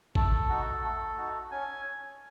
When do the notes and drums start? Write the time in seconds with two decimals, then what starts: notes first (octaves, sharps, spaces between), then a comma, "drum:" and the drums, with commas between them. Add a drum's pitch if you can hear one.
0.15 A3 A4, drum: kick
0.50 D#4 F#4
0.84 A3
1.17 D#4 F#4
1.51 C#4 G#5